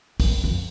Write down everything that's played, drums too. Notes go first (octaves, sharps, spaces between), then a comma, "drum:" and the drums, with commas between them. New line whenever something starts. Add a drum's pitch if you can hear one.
F#2, drum: kick, open hi-hat
F#2
F2